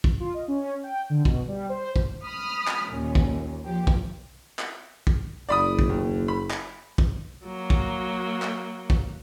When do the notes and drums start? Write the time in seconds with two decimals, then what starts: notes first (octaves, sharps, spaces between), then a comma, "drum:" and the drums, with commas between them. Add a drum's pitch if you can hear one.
0.04 drum: kick
0.20 F4
0.34 D#5
0.48 C#4
0.83 G5
1.10 D3
1.25 B2, drum: kick
1.48 G3
1.69 C5
1.96 drum: kick
2.25 B5 D#6 F6
2.67 drum: clap
2.91 D#2 A#2 C#4
3.15 drum: kick
3.62 A#2 F3 G4
3.87 drum: kick
4.59 drum: clap
5.07 drum: kick
5.49 F#1 D5 B5 D#6
5.79 drum: kick
5.89 D#2
6.28 B5
6.50 drum: clap
6.98 drum: kick
7.45 F#3 A#3
7.70 drum: kick
8.42 drum: clap
8.90 drum: kick